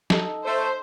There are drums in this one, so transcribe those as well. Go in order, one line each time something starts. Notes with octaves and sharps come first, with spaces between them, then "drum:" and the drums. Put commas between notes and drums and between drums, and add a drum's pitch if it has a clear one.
D#4 A4, drum: snare
A3 C5 E5